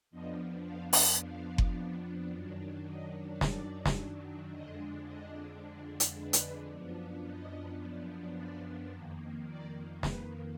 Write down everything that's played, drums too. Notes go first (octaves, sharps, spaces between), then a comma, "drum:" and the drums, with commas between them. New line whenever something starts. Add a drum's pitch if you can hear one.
F2 F3 B3 D4 D#5
F5
drum: open hi-hat
F5
drum: kick F#1
F#2 D#3 F#3 D4
D#5
D5, drum: snare
drum: snare
F2 D3 G#3 D4 D#5
D#5
drum: hi-hat
B4
drum: hi-hat
F#2 F3 B3 D4
D#5
D5
F2 D#3 A#3
D5
B4, drum: snare